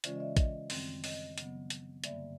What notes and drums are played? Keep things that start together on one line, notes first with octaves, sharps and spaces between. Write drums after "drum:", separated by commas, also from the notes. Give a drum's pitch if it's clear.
C#3 E3 G#3 C#4 F4 C5 D5, drum: hi-hat
D#5
D5 E5
C#5 D#5, drum: kick, hi-hat
F#2 D#3 G3 C4, drum: open hi-hat
C#5 D#5, drum: open hi-hat
C#3 F#3 B3, drum: hi-hat
drum: hi-hat
G2 D3 G3 A#3 D5 E5, drum: hi-hat